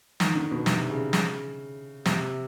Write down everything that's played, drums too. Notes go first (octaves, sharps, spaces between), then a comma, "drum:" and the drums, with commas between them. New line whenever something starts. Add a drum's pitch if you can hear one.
D#3, drum: snare
D3
B2
C3, drum: snare
C#3
drum: snare
C3, drum: snare